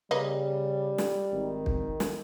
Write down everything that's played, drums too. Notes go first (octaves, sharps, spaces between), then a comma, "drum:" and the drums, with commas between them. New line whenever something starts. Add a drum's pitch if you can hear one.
C#3 G3 A#3 B4 D#5
drum: snare
G#1 D#3
drum: kick
drum: snare